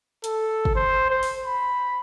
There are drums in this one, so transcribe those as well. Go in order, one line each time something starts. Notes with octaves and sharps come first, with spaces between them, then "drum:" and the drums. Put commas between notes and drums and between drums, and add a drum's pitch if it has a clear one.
A4, drum: hi-hat
drum: kick
C5
C5
drum: open hi-hat
B5